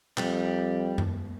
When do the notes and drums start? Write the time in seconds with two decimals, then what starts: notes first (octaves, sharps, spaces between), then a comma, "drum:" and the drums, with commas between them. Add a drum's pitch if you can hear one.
0.17 F2 G3, drum: clap
0.98 drum: tom F#2